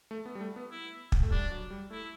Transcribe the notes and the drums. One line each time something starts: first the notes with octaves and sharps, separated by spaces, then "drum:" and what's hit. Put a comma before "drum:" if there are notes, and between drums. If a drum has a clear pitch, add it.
A3
B3
G3
A3
B3
E4
drum: kick
A3
G3 D4
F#3
G3
A3 E4